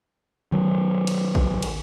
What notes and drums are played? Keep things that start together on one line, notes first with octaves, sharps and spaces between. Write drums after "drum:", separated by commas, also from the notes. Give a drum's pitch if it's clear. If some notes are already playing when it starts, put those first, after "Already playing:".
D#3 F#3
drum: cymbal
drum: kick A1
drum: cymbal